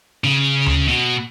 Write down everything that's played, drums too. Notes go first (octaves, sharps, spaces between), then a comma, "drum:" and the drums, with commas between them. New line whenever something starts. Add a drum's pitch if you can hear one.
C#3
drum: tom D2
B2